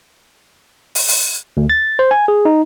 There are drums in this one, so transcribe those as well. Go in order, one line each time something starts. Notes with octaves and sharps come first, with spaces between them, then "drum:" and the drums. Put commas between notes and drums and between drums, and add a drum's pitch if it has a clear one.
drum: open hi-hat
drum: open hi-hat
D2
A6
C5
G#5
G#4
D#4